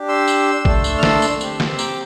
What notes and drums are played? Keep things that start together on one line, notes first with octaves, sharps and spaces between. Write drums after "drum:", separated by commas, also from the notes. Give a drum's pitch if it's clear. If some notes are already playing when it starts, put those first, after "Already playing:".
Already playing: D4 G4
C6 E6
drum: tambourine
A3 D4 A4, drum: kick
drum: tambourine
F6
C6 E6, drum: snare
drum: tambourine
C4 G4, drum: tambourine
drum: snare
A#5 D6, drum: tambourine